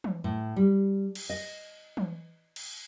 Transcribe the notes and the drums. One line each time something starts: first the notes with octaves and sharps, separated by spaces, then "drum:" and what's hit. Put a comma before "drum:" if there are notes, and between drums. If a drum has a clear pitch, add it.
drum: tom E3
A2
G3
drum: cymbal
D#5
drum: tom E3
drum: cymbal